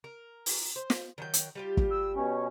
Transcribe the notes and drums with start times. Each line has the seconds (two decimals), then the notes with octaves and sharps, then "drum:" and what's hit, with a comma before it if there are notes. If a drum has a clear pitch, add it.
0.04 A#4
0.46 drum: open hi-hat
0.76 C5
0.90 drum: snare
1.18 D#3 F#3 G5
1.34 drum: hi-hat
1.55 G3 F4 G4
1.77 drum: kick
1.91 E6
2.16 B2 C#4